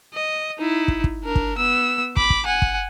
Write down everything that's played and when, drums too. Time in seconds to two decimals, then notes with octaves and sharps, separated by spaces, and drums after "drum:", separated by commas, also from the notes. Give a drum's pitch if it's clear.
0.14 D#5
0.58 D#4 E4
0.88 drum: kick
1.04 drum: kick
1.24 D4 A#4
1.35 drum: kick
1.58 B3 E6
2.17 B5 D6, drum: kick
2.30 drum: kick
2.46 F#5 G#5
2.62 drum: kick